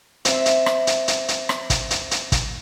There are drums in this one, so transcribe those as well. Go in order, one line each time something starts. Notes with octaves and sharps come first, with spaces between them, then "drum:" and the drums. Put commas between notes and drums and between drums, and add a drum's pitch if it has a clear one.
C4 E5, drum: hi-hat
drum: hi-hat
drum: rim click
drum: hi-hat
drum: hi-hat
drum: hi-hat
drum: rim click
drum: kick, hi-hat
drum: hi-hat
drum: hi-hat
drum: kick, hi-hat